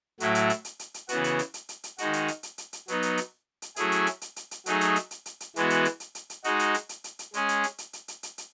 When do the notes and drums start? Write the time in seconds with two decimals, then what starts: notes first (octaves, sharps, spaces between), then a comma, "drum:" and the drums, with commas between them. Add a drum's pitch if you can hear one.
0.20 A2 F#3 A3 E4, drum: hi-hat
0.35 drum: hi-hat
0.50 drum: hi-hat
0.65 drum: hi-hat
0.79 drum: hi-hat
0.94 drum: hi-hat
1.09 C#3 E3 B3 F#4, drum: hi-hat
1.24 drum: hi-hat
1.39 drum: hi-hat
1.54 drum: hi-hat
1.69 drum: hi-hat
1.84 drum: hi-hat
1.98 D#3 G#3 D#4 F#4, drum: hi-hat
2.13 drum: hi-hat
2.28 drum: hi-hat
2.43 drum: hi-hat
2.58 drum: hi-hat
2.73 drum: hi-hat
2.88 F#3 B3 D#4, drum: hi-hat
3.03 drum: hi-hat
3.17 drum: hi-hat
3.62 drum: hi-hat
3.76 F#3 A3 C#4 E4 G#4, drum: hi-hat
3.92 drum: hi-hat
4.07 drum: hi-hat
4.21 drum: hi-hat
4.36 drum: hi-hat
4.51 drum: hi-hat
4.66 F#3 A3 D#4 G#4, drum: hi-hat
4.81 drum: hi-hat
4.96 drum: hi-hat
5.11 drum: hi-hat
5.26 drum: hi-hat
5.40 drum: hi-hat
5.56 E3 G#3 B3 F#4, drum: hi-hat
5.70 drum: hi-hat
5.85 drum: hi-hat
6.00 drum: hi-hat
6.15 drum: hi-hat
6.30 drum: hi-hat
6.44 G#3 D#4 F#4, drum: hi-hat
6.59 drum: hi-hat
6.74 drum: hi-hat
6.89 drum: hi-hat
7.04 drum: hi-hat
7.19 drum: hi-hat
7.34 G#3 C#4 G#4, drum: hi-hat
7.49 drum: hi-hat
7.64 drum: hi-hat
7.78 drum: hi-hat
7.93 drum: hi-hat
8.08 drum: hi-hat
8.23 drum: hi-hat
8.38 drum: hi-hat